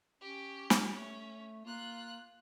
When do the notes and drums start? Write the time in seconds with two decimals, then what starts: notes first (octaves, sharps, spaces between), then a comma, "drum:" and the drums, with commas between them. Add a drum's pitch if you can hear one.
0.21 C#4 G4
0.70 drum: snare
0.93 A3 C#4
1.66 A#3 F4 F#6